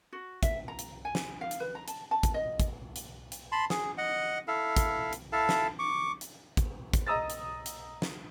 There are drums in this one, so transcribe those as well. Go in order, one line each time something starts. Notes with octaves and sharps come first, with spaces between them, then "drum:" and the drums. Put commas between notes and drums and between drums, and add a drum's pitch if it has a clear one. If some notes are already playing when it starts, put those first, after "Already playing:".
F#4
E5, drum: kick, hi-hat
A#5
drum: hi-hat
G#5
drum: snare
F5
drum: hi-hat
B4
A#5
A5, drum: hi-hat
A5
drum: kick, hi-hat
D#5
drum: kick, hi-hat
drum: hi-hat
drum: hi-hat
A5 B5 C6
G#4, drum: snare
D#5 F#5
E4 A4 F5
drum: kick, hi-hat
drum: hi-hat
E4 A4 F5 A5
drum: snare
C#6 D6
drum: hi-hat
drum: kick, hi-hat
drum: kick, hi-hat
D#5 A#5 D#6 E6 A6
drum: hi-hat
drum: hi-hat
drum: snare